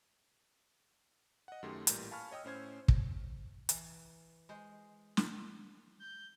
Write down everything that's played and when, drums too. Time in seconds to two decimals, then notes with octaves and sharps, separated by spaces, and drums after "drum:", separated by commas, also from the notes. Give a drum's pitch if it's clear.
1.48 D#5 F#5
1.63 F#2 D#3 A3 G4 G#4 C6
1.87 A1 A#2 E3 G3 A#4 G6, drum: hi-hat
2.11 F5 G#5 A5 B5 C#6 F6
2.31 C#5 D#5 G5 D#6 E6
2.45 A2 C#4 C5 G#6
2.88 drum: kick
3.69 E3, drum: hi-hat
4.49 G#3 C5
5.17 drum: snare
6.00 G6